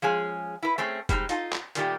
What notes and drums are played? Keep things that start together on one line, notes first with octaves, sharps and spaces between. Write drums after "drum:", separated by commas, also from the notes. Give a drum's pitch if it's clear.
F3 G#3 C#4 G#4
E4 B4
A3 C4 C#4 G#4
G3 G#3 C4 D#4, drum: kick F1, hi-hat
D#4 F4 A4, drum: hi-hat
drum: clap
A#2 D#3 G3 A3 D4 G4, drum: hi-hat